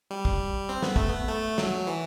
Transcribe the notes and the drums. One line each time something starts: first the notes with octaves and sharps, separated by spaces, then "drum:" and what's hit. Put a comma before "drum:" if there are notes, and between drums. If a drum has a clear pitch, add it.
G3
drum: kick
C4
B3, drum: snare
A3, drum: kick
B3
A3
F#3, drum: snare
E3